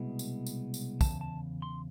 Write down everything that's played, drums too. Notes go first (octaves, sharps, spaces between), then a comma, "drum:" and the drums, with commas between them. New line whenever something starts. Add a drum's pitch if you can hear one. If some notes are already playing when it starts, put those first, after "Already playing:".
Already playing: C2 B2 G#3 B3 E4
drum: tambourine
drum: tambourine
drum: tambourine
E2 C#3 A5, drum: kick, tambourine
A5
C6